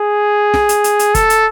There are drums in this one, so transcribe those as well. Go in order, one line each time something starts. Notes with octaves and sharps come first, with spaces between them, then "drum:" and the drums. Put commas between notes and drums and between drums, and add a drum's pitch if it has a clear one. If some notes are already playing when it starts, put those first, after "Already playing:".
Already playing: G#4
drum: snare
drum: hi-hat
drum: hi-hat
drum: hi-hat
A4, drum: kick, hi-hat
drum: hi-hat